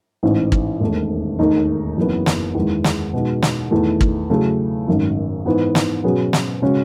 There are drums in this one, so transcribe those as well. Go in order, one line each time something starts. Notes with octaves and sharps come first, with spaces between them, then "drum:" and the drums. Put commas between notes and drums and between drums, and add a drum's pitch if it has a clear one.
A1 G#2 E3
drum: kick
E1 D#2 D#3 A3
E1 D#2 D#3 A3 D#4
F#1 F#2 E3 B3
drum: snare
E2 D#3 G#3
drum: snare
B2 G#3 D#4 F#4
drum: snare
E2 D#3 A3
drum: kick
C#3 F#3 A3 E4 G#4
G#1 F#2 D#3
G#2 E3 B3
drum: snare
B2 F#3 C#4 G#4 B4
drum: snare
C#3 G#3 C#4 F#4